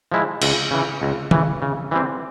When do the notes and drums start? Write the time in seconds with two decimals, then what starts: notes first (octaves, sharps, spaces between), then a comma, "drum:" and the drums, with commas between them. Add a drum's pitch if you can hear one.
0.12 F3 G#3 E4
0.42 C#2, drum: cymbal
0.71 C#3 E3
1.02 C#2
1.31 C#3 E3, drum: tom D#3
1.62 C#3
1.91 E3 G3 C4